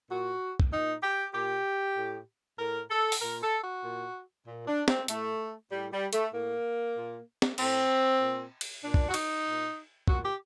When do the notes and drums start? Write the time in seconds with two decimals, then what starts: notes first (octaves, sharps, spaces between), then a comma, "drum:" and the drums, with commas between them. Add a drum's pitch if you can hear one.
0.09 A#2 F#4
0.60 drum: kick
0.72 A#2 D#4
1.03 G4
1.34 A#2 G4
1.97 A2
2.59 A2 A#4
2.90 A4
3.12 drum: open hi-hat
3.21 A#2 A#4
3.42 A4
3.63 F#4
3.84 A#2
4.46 A#2
4.67 D4
4.88 C4, drum: snare
5.08 A2 A3, drum: hi-hat
5.71 A2 G3
5.92 G3
6.13 A3, drum: hi-hat
6.33 A2 A#3
6.96 A#2
7.42 drum: snare
7.58 A2 C4, drum: cymbal
8.21 A#2
8.61 drum: cymbal
8.83 A#2 D4
8.94 drum: kick
9.09 F#4
9.14 D#4, drum: cymbal
9.45 A#2
10.08 A#2 F#4, drum: kick
10.24 G4